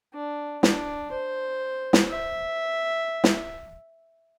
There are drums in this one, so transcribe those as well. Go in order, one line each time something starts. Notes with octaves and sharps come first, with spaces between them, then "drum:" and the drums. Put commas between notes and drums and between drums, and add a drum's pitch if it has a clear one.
D4
D4, drum: snare
C5
drum: snare
E5
drum: snare